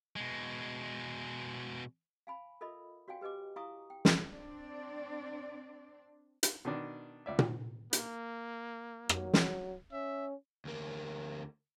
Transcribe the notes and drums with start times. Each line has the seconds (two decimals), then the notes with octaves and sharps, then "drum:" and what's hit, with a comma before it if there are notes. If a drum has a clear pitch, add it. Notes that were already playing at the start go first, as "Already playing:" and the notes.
0.16 B2 G#3
2.27 F5 G#5 B5
2.61 F4 A4 A#4 D#5 E5 B5
3.08 F#4 C#5 F5 G5 G#5
3.21 G4 B4 D#5 G#5 D6
3.56 E4 F5 G#5 A#5 C#6 D#6
3.90 G5
4.05 drum: snare
4.31 C4 D4 D5
6.43 drum: hi-hat
6.65 B2 D#3 D4
7.26 C#2 D5 E5
7.39 drum: tom A#2
7.93 A#3, drum: hi-hat
9.09 F#3, drum: rim click
9.34 drum: snare
9.92 C#4 E5
10.65 D2 A#3